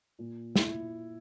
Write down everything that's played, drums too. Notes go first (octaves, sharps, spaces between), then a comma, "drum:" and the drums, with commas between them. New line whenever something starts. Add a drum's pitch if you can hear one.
A#2
E4, drum: snare